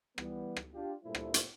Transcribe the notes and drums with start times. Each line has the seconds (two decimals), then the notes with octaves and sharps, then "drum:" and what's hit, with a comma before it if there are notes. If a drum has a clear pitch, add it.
0.18 E3 G3 B3, drum: rim click
0.57 drum: rim click
0.74 D4 F4 G4
1.04 G2 A#2 G3 A3 E4 C5
1.15 drum: rim click
1.34 drum: hi-hat